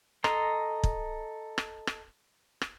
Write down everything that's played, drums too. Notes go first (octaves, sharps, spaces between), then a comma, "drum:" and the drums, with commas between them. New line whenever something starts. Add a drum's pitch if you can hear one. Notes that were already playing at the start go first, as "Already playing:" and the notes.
A4 D#5 A#5 C6, drum: rim click
drum: kick
drum: rim click
drum: rim click
drum: rim click